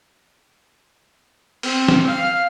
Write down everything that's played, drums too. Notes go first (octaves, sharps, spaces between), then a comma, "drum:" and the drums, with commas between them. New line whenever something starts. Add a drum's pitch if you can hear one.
C4, drum: cymbal
drum: snare
F5